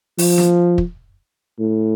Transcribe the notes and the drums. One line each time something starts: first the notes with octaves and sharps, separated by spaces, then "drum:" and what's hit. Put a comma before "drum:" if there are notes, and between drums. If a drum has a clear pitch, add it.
F3, drum: open hi-hat
drum: snare
drum: kick
A2